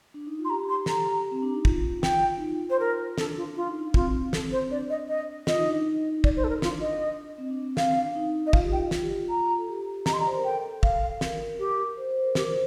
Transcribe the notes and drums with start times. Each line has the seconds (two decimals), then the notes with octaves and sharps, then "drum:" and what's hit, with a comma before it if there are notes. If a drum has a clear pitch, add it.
0.14 D4
0.27 D#4
0.39 F4
0.45 C6
0.49 G4 A#5
0.63 G4
0.69 C6
0.76 G4
0.86 A4 A#5, drum: snare
0.96 G4
1.31 C4
1.42 D4
1.54 D#4
1.65 F4, drum: kick
2.03 G5, drum: snare
2.38 D#4
2.42 F4
2.70 C5
2.80 A#4
3.18 D4 A4, drum: snare
3.37 F4
3.56 F4
3.67 D#4
3.81 D4
3.94 C4 F4, drum: kick
4.33 A4, drum: snare
4.52 C5
4.62 C4
4.70 D4 D5
4.90 D#5
5.09 D#5
5.47 F4 D#5, drum: snare
5.57 D#4
5.65 D4
5.74 D#4
6.24 D5, drum: kick
6.36 C5
6.44 A4
6.49 A#4
6.62 D4 F4, drum: snare
6.81 D#5
7.38 C4
7.50 D4
7.62 C4
7.77 C4 F5, drum: snare
7.96 D4
8.16 D#4
8.47 D#5
8.53 F4 F5, drum: kick
8.63 G4
8.72 F4 G5
8.91 F4, drum: snare
9.02 G4
9.12 F4
9.29 A#5
9.58 A4
9.68 G4
10.06 D#5 A#5, drum: snare
10.13 C6
10.17 D5 A#5
10.26 C5
10.35 A#4
10.44 A4 G5
10.83 F5, drum: kick
11.21 A#4, drum: snare
11.59 G4
11.97 C5
12.11 C5
12.23 A#4
12.35 G4 A#4, drum: snare
12.47 C5